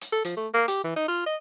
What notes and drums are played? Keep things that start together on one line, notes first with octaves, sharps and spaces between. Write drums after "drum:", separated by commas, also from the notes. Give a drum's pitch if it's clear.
drum: hi-hat
A4
F3, drum: hi-hat
A3
A#3
G4, drum: hi-hat
E3
D#4
F4
D#5